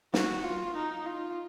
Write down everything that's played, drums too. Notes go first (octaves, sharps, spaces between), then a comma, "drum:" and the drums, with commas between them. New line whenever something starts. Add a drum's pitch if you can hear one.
F#4, drum: snare
F4
D#4
F4